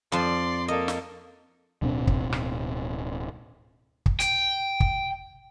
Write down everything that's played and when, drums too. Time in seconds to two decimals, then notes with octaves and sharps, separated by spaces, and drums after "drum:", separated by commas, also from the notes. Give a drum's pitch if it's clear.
0.12 F2 F3 D5 C6
0.68 A#3 A4 D#5
0.88 drum: snare
1.82 D1 B2 C4 D4
2.07 drum: kick
2.33 drum: rim click
4.06 drum: kick
4.20 G5, drum: hi-hat
4.80 drum: kick